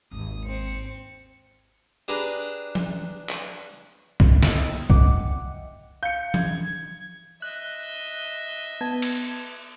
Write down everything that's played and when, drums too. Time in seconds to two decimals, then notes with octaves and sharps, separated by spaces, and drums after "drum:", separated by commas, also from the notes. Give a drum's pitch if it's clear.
0.11 G#1 D#2 D#6
0.45 C4 C#7
2.08 D4 G4 G#4 B4 A#5 B5
2.75 drum: tom E3
3.29 drum: clap
4.20 drum: kick
4.43 D#4 E4 D#5 E5 G5, drum: snare
4.90 F#5 D6, drum: kick
6.03 F5 G6 C#7
6.34 G#6, drum: tom E3
7.42 D#5 E5 F#6
8.81 B3 A5 G#6
9.02 drum: cymbal